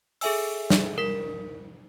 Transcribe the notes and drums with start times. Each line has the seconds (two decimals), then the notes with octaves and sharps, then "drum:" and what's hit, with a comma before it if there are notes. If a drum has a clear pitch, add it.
0.21 G#4 A4 E5 G#5 E6, drum: open hi-hat
0.70 drum: snare
0.98 A#4 B6